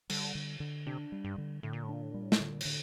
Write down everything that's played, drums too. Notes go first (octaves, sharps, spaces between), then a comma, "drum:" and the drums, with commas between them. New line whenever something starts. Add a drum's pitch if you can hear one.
D3 G3, drum: cymbal
D3
D3
C3 D4
G3
G2
D3
A2 D3
A#2
A2
A#2 D4
A2
A#2 G3
A2
A#2, drum: snare
A2 D3
A#2
A2 D3, drum: cymbal